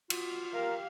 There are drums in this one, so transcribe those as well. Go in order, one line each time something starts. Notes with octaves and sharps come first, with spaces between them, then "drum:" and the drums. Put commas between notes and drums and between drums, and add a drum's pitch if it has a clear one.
F4 F#4, drum: cymbal
G4 A#4 F5